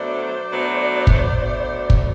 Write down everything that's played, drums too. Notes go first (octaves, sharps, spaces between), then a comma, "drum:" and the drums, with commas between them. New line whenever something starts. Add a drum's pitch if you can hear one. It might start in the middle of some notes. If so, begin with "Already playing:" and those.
Already playing: B2 F#3 A3 D4 C5 D5
B2 F#3 A3 D4
drum: kick
B2 F#3 A3 D4
drum: kick